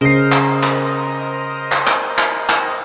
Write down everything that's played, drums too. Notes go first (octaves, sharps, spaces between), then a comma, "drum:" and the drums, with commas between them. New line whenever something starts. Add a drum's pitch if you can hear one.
C#3 A#4 C5 D#5 C7
drum: clap
drum: clap
drum: clap
drum: clap
drum: clap
drum: clap